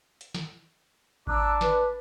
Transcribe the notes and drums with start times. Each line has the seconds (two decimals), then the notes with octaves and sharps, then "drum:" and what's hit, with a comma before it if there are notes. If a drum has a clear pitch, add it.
0.21 drum: hi-hat
0.34 drum: snare
1.27 D4 A#5 D6 E6 F#6, drum: kick G#1
1.61 B4, drum: snare